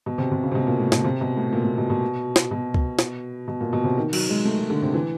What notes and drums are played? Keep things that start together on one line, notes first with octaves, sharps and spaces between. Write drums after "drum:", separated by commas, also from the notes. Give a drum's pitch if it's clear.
B2
C3
C3
C#3
C3
B2
A#2
A2
B2, drum: snare
C3
B2
A2
A#2
A#2
B2
B2
drum: snare
B2
drum: kick
drum: snare
B2
A#2
B2
C3
D#3
F#3, drum: cymbal
G#3
A3
G#3
D3
C3
E3